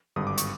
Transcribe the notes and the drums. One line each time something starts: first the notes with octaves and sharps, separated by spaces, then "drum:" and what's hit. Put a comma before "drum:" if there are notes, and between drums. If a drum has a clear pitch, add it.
G#1 G2 D3 D#6
D6
C#6, drum: hi-hat